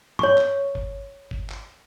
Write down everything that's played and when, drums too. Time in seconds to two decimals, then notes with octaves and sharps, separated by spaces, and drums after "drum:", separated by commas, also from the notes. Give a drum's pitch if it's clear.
0.19 C#5 C#6, drum: tom
0.38 drum: clap
0.75 drum: kick G1
1.31 drum: kick G1
1.50 drum: clap